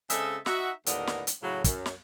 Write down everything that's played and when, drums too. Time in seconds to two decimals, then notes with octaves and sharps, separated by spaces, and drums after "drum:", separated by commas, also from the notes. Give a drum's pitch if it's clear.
0.10 C#3 G#3 C4 A4 D#5 E5, drum: hi-hat
0.46 D#4 F#4 E5, drum: snare
0.86 D#2 A2 D3 B3 A#4 D#5, drum: hi-hat
1.07 drum: snare
1.27 drum: hi-hat
1.43 A2 C#3 F#3
1.64 F#2, drum: kick, hi-hat
1.86 drum: snare